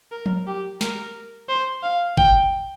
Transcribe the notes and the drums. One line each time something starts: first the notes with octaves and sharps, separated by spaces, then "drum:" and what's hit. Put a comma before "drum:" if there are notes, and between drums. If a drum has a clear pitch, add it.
A#4
drum: tom F3
G4
A#4, drum: snare
C5
F5
G5, drum: kick